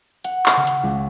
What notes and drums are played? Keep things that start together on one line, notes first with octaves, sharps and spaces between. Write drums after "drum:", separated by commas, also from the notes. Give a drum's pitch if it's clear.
F#5, drum: hi-hat
drum: clap
C#3
drum: hi-hat
C#2